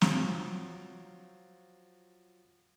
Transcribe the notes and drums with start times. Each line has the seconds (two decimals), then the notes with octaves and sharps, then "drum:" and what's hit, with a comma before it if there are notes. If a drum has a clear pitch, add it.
0.01 F3 F#3 C#5 G5, drum: snare